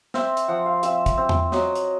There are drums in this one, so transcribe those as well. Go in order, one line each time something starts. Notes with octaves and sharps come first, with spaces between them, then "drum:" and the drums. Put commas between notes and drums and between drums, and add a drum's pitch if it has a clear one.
C4 E5, drum: snare
drum: hi-hat
F3 F#5
F5
C4 E5, drum: hi-hat
drum: kick, hi-hat
C4
drum: tom E2
F#3 D#5, drum: snare
drum: hi-hat